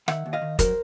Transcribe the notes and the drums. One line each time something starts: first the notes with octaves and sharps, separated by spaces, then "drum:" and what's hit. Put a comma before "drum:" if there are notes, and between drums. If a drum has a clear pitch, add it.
D#3 E5 F#5, drum: rim click
D#2
D#5 F5
D#3
F#3 A#4 C5, drum: kick, hi-hat